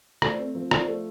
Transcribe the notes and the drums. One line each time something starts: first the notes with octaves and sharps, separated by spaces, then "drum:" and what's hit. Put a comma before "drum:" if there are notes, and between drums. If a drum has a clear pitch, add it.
A3 C5 D5, drum: rim click
C4
F3
F3 C5 D5, drum: rim click
A3